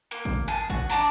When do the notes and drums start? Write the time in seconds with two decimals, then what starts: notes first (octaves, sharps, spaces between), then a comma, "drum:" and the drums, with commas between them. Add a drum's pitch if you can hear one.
0.11 A#3
0.25 drum: kick G#1
0.48 G#4 A5
0.70 F#4, drum: kick G#1
0.90 D4 D5 A5 A#5